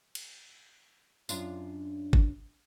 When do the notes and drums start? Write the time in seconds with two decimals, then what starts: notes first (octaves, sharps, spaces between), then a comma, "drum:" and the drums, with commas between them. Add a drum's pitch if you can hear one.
0.15 drum: cymbal
1.29 F#2 D4 F4, drum: tambourine
2.13 drum: kick G1